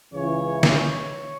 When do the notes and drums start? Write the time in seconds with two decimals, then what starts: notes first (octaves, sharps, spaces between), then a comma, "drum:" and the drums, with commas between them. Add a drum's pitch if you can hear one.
0.12 C#2 C#3 E3 C#5
0.63 C#5, drum: snare